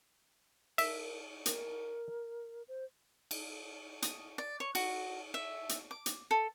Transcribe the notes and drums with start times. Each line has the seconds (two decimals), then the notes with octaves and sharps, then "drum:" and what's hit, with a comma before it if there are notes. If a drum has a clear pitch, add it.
0.78 A#4 E5, drum: cymbal
1.46 A#4, drum: hi-hat
2.68 C5
3.31 drum: cymbal
4.02 D#6, drum: hi-hat
4.38 D5
4.60 C#5
4.75 F#4, drum: cymbal
5.34 E5
5.69 drum: hi-hat
5.91 D6
6.06 drum: hi-hat
6.31 A4